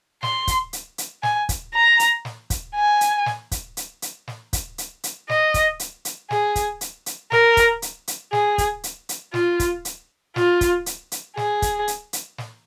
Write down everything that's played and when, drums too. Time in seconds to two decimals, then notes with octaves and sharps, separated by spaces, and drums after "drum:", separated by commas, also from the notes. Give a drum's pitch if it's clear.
0.23 C6, drum: snare
0.47 drum: kick, hi-hat
0.73 drum: hi-hat
0.98 drum: hi-hat
1.23 G#5, drum: snare
1.49 drum: kick, hi-hat
1.75 A#5
1.99 drum: hi-hat
2.25 drum: snare
2.50 drum: kick, hi-hat
2.76 G#5
3.01 drum: hi-hat
3.26 drum: snare
3.51 drum: kick, hi-hat
3.77 drum: hi-hat
4.02 drum: hi-hat
4.28 drum: snare
4.53 drum: kick, hi-hat
4.78 drum: hi-hat
5.04 drum: hi-hat
5.29 D#5, drum: snare
5.54 drum: kick, hi-hat
5.80 drum: hi-hat
6.05 drum: hi-hat
6.31 G#4, drum: snare
6.56 drum: kick, hi-hat
6.81 drum: hi-hat
7.06 drum: hi-hat
7.32 A#4, drum: snare
7.57 drum: kick, hi-hat
7.82 drum: hi-hat
8.08 drum: hi-hat
8.33 G#4, drum: snare
8.58 drum: kick, hi-hat
8.84 drum: hi-hat
9.09 drum: hi-hat
9.34 F4, drum: snare
9.60 drum: kick, hi-hat
9.85 drum: hi-hat
10.36 F4, drum: snare
10.61 drum: kick, hi-hat
10.86 drum: hi-hat
11.12 drum: hi-hat
11.37 G#4, drum: snare
11.62 drum: kick, hi-hat
11.88 drum: hi-hat
12.13 drum: hi-hat
12.38 drum: snare